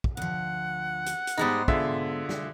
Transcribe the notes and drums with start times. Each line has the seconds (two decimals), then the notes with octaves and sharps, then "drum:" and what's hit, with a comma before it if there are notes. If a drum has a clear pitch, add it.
0.04 drum: kick
0.17 D2 F3 F#5
1.06 drum: hi-hat
1.27 drum: hi-hat
1.37 G#2 G3 G#3 B3 D#4 C5
1.68 D3 F4 G#4 E5, drum: kick
2.29 drum: snare